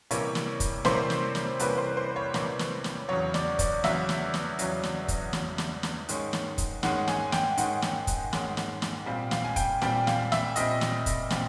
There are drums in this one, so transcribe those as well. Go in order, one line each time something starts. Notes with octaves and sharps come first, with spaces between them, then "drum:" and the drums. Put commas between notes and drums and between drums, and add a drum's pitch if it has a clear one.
C3 E3 G3 A#3 C#4 C#5, drum: hi-hat
drum: snare
drum: kick, hi-hat
C3 E3 G3 A#3 C#4 C5, drum: snare
drum: snare
drum: snare
C3 E3 G3 A#3 C#4 B4, drum: hi-hat
C5
C5
C#5
C3 E3 G3 A#3 C#4 D5, drum: snare
drum: snare
drum: snare
E2 C#3 F#3 C#5
D5, drum: snare
D5, drum: kick, hi-hat
E2 C#3 F#3 E5, drum: snare
drum: snare
drum: snare
E2 C#3 F#3, drum: hi-hat
drum: snare
drum: kick, hi-hat
E2 C#3 F#3, drum: snare
drum: snare
drum: snare
G#2 D#3 G#3 C#4, drum: hi-hat
drum: snare
drum: kick, hi-hat
G#2 D#3 G#3 C#4 F#5, drum: snare
G#5, drum: snare
G5, drum: snare
G#2 D#3 G#3 C#4 F#5, drum: hi-hat
drum: snare
drum: kick, hi-hat
G#2 D#3 G#3 C#4, drum: snare
drum: snare
drum: snare
A#2 G3 C4 F5
F5, drum: snare
G#5
G5, drum: kick, hi-hat
A#2 G3 C4 G5, drum: snare
F5, drum: snare
E5, drum: snare
A#2 G3 C4 D#5, drum: hi-hat
drum: snare
drum: kick, hi-hat
A#2 G3 C4, drum: snare